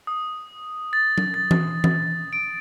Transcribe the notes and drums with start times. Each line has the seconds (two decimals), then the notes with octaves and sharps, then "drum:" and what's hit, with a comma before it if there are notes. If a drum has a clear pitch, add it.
0.07 D#6
0.93 A6
1.18 drum: tom F#3
1.34 A6
1.51 drum: tom E3
1.84 drum: tom E3
2.33 D7